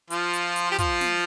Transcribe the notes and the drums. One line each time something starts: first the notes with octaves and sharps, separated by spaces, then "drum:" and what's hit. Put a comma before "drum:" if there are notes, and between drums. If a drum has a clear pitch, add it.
F3 F4, drum: hi-hat
drum: hi-hat
drum: hi-hat
G4
F3 F4, drum: kick, hi-hat
drum: snare